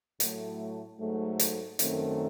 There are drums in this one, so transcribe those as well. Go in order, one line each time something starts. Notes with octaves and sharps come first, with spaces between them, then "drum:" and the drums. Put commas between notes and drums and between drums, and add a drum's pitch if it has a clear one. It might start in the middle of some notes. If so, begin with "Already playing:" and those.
A2 F#3 A3, drum: hi-hat
G#2 F#3 A3
drum: hi-hat
F#2 D#3 F#3 A3 C4, drum: hi-hat